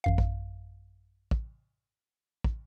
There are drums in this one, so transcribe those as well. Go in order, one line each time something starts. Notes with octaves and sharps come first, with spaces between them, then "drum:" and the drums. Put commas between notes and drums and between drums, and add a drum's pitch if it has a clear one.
A1 F#2 F5
drum: kick
drum: kick
drum: kick